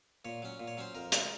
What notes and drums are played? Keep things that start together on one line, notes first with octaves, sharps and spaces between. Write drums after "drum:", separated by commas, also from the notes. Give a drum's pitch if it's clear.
A#2 C#5
F#3 C#4
A#2
C#5
F#3 C#4 C5
F2 A#4
C#3 G#3 D#4, drum: hi-hat